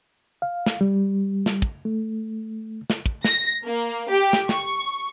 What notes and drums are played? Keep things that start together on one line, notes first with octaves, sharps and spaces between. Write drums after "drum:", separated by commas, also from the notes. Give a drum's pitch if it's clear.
F5
drum: snare
G3
drum: snare
drum: kick
A3
drum: snare
drum: kick
A#6, drum: snare
A#3
G4
drum: snare
C#6, drum: snare